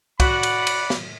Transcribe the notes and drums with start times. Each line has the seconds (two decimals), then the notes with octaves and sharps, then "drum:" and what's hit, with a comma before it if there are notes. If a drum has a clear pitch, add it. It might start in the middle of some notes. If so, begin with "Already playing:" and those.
0.20 F#4 D5 F#5 B5, drum: kick, cymbal
0.43 drum: cymbal
0.67 drum: cymbal
0.90 drum: snare